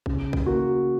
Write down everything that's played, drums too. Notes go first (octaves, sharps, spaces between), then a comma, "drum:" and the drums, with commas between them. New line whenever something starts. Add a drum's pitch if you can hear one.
C#3, drum: kick A#1
drum: kick A#1
A#3 F#4